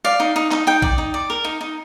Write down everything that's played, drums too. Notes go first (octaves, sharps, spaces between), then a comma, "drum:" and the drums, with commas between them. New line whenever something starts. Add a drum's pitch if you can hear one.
D5 F5
D#4
D#4
D#4, drum: clap
D#4 G5
D5, drum: kick A#1
D#4
D5
A#4
D#4
D#4